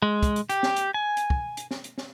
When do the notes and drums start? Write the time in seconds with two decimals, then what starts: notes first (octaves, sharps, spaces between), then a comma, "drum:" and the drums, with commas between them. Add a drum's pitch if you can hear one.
0.02 G#3
0.23 drum: kick, hi-hat
0.36 drum: hi-hat
0.49 G4, drum: hi-hat
0.63 drum: snare
0.76 drum: hi-hat
0.94 G#5
1.17 drum: hi-hat
1.30 drum: kick
1.57 drum: hi-hat
1.71 drum: snare
1.84 drum: hi-hat
1.98 drum: snare